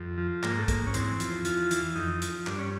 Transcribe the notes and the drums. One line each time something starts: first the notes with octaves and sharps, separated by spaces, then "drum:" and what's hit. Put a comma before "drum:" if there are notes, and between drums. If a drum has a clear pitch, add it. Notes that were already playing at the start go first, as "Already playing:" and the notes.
Already playing: F2
F3
G#2 A#3, drum: clap
A3
G#2 A#3, drum: kick, hi-hat
C#4
E2 C4, drum: hi-hat
F3, drum: hi-hat
E2 F4, drum: hi-hat
E3, drum: hi-hat
F2 D#4
F3, drum: hi-hat
G2 D4, drum: clap
C#4